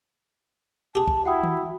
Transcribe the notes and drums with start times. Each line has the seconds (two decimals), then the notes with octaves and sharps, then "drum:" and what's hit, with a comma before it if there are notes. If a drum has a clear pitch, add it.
0.95 G4 G#4 A5
1.08 drum: kick
1.25 E4 F#4 F#5 G5 D#6
1.43 drum: tom D#3